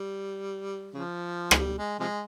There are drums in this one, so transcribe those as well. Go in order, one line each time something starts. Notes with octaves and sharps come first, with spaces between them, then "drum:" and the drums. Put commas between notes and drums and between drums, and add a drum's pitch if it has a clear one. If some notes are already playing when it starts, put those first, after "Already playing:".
Already playing: G3
C#3 F3
G#3, drum: rim click
G3
G#3
C3 F3 G#3